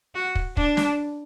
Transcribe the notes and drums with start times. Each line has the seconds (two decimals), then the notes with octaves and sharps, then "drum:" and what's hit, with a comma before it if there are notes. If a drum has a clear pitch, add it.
0.15 F#4
0.35 drum: kick
0.57 D4, drum: kick
0.77 drum: snare